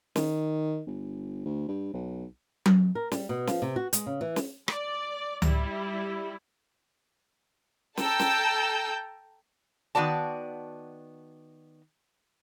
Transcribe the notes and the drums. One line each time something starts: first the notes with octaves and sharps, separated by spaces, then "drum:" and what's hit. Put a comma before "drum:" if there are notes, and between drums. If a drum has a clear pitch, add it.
D#3, drum: snare
G1
D2
G2
B1
drum: tom F#3
A#4
G3, drum: snare
B2
F3, drum: snare
C3
F#4
G#3, drum: hi-hat
C#3
E3
drum: snare
D5, drum: rim click
G3 E4, drum: tom C#2
A4 G5 A5 A#5 E6 G6, drum: snare
drum: snare
D#3 B3 F#4 D5 A5